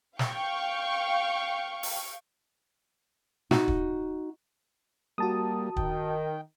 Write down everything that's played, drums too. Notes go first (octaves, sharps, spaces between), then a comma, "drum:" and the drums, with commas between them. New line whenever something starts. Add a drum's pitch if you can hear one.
F5 G5 C#6, drum: snare
drum: open hi-hat
D#4 F#4, drum: snare
drum: kick
G3 A#3 F#4 A5 D#6
D#3 G5, drum: kick